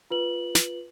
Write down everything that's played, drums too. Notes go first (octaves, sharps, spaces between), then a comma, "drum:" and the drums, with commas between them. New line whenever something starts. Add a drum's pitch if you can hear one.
F4 B4 F#7
drum: snare